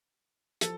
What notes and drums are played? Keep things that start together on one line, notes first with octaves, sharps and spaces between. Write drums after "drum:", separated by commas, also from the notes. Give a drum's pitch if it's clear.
F3 A4, drum: hi-hat